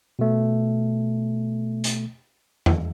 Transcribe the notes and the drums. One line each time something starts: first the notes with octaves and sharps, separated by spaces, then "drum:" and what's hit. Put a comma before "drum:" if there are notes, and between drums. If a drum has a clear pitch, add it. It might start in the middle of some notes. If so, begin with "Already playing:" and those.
B2 A3
drum: hi-hat
drum: tom E2